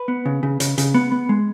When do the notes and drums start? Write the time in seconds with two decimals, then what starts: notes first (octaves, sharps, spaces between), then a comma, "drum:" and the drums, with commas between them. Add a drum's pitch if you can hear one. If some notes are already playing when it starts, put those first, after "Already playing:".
Already playing: B4
0.08 B3
0.26 C#3
0.43 C#3
0.60 C#3, drum: hi-hat
0.78 C#3, drum: hi-hat
0.94 B3
1.12 B3
1.29 G#3